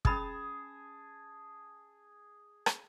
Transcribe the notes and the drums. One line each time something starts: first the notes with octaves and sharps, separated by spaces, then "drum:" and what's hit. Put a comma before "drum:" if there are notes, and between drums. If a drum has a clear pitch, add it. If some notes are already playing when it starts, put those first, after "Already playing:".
C#4 G#4 A5 B5 D#6, drum: kick
drum: rim click